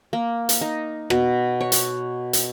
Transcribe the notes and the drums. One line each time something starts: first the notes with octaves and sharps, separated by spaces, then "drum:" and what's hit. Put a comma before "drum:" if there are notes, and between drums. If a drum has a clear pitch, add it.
A#3
drum: hi-hat
D#4
B2, drum: rim click
C#5
drum: hi-hat
drum: hi-hat